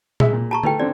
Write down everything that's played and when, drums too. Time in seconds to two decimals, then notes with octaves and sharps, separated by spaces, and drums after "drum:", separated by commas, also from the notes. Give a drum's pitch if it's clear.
0.20 G#3 G#4 E5, drum: tom A#2
0.33 A#2
0.51 A5 A#5 C#6
0.63 A3 D#4 B4 G5, drum: tom D3
0.80 D3 C4 D5